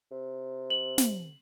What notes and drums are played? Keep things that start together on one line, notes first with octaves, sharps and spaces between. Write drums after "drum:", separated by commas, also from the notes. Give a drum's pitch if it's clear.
C3
F#7
drum: snare